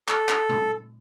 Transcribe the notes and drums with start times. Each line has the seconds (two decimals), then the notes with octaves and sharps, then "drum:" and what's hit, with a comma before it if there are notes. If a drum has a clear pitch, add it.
0.08 A4, drum: clap
0.29 drum: clap
0.49 drum: tom A#2